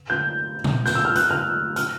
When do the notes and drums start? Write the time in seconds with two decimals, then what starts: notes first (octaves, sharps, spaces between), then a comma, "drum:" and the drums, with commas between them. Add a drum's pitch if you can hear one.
0.10 G6
0.64 drum: tom A#2
0.86 G6, drum: snare
0.95 E6
1.05 F6
1.16 F#6, drum: hi-hat
1.31 F6
1.76 F6, drum: hi-hat